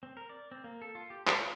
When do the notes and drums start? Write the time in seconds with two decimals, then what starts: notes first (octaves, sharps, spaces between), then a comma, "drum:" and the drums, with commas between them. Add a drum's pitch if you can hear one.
0.03 C4
0.17 A#4
0.29 D5
0.51 C4
0.64 A#3
0.82 A4
0.95 F4
1.10 G4
1.27 F4, drum: clap